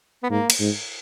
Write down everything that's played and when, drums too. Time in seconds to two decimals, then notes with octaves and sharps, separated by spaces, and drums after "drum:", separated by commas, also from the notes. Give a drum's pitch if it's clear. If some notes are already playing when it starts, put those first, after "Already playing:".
0.23 B3
0.29 G#2 A#3
0.50 drum: cymbal
0.60 G#2